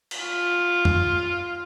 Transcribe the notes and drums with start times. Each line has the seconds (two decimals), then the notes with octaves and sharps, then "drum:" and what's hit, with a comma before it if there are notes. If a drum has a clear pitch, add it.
0.11 drum: cymbal
0.20 F4
0.85 drum: tom F2